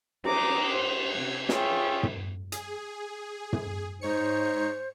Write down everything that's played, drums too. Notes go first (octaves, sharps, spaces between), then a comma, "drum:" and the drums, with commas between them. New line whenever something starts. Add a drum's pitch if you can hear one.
A#5 D6 D#6, drum: cymbal
C5
C3 G#6
F4 G#4 C#5 E5 G5, drum: snare
drum: tom
G#4, drum: hi-hat
drum: tom
G#2 D#4 C5 C#5 C#7